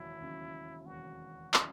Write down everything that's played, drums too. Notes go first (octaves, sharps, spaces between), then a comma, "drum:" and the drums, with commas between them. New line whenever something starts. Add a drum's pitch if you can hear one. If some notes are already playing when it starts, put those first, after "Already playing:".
Already playing: E1 D#2 C#3 F#3 C#4 E4
E1 D#2 C#3 F#3 C#4
E1 D#2 C#3 F#3 C#4 F#4
C#3 F#3 C#4, drum: clap